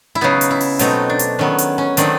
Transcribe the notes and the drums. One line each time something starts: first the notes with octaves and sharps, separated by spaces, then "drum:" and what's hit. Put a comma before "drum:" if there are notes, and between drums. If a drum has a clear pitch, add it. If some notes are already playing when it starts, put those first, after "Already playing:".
E4
C#3 F#3 B3 D#4
drum: hi-hat
E4
drum: open hi-hat
B2 F#3 A3 C4 D#4, drum: hi-hat
D4
drum: hi-hat
D#3 F#3 B3 C#4
drum: hi-hat
C#4
D#3 F#3 A3 C4 D4, drum: hi-hat